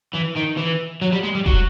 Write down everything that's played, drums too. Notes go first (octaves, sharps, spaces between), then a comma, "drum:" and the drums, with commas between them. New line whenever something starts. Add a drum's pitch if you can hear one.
E3
D#3
E3
F#3
G3
G#3
G3
F#3, drum: kick E1